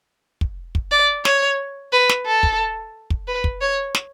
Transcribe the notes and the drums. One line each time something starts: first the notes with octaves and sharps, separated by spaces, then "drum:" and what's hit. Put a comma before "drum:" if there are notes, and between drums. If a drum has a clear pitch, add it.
drum: kick
drum: kick
D5
C#5, drum: snare
B4
drum: snare
A4
drum: kick
drum: kick
B4
drum: kick
C#5
drum: snare